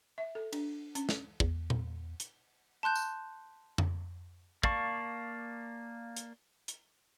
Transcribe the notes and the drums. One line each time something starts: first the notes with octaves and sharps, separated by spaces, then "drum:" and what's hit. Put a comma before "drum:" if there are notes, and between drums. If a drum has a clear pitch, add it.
E5
A4
D4, drum: cymbal
C#4, drum: hi-hat
drum: snare
E2, drum: kick
drum: tom A#2
drum: hi-hat
A5 C6 F#6 G6
drum: tambourine
drum: tom F2
A#3 D5 F5 A5 C#6, drum: kick
drum: hi-hat
drum: hi-hat